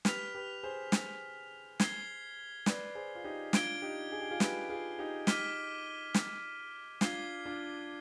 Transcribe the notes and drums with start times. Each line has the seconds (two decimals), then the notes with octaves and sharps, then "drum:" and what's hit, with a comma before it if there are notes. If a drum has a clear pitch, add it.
0.05 G4 B4 F6 B6 F7, drum: snare
0.35 G4 B4
0.63 G#4 C5
0.92 drum: snare
1.80 G#6 C7 G7, drum: snare
2.66 B4 D5, drum: snare
2.95 G#4 C5
3.15 F4
3.24 D#4 G4
3.53 D4 F4 G#6 D7 G7, drum: snare
3.82 D#4 G4
4.12 G#4
4.21 G4
4.30 F4 G#4
4.40 G4 B4, drum: snare
4.69 F4 G#4
4.99 D#4 G4
5.27 D6 F6 B6 D#7 G7, drum: snare
6.14 drum: snare
7.01 D4 F4 G#6 C7 G7, drum: snare
7.45 D4 F4